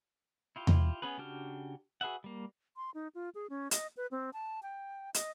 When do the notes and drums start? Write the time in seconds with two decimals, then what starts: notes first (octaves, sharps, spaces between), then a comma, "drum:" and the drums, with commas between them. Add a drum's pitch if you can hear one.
0.56 E4 F4 G4
0.67 drum: tom E2
1.02 B3 C#4 G#4 B4
1.18 C#3 D4 F#4 G4 F6
2.01 F#4 G#4 B4 E5 F#5
2.24 G3 A#3
2.76 C6
2.94 D#4
3.15 F4
3.35 G#4
3.50 C#4
3.71 D#5, drum: hi-hat
3.97 B4
4.11 C4
4.33 A5
4.63 G5
5.14 D#5, drum: hi-hat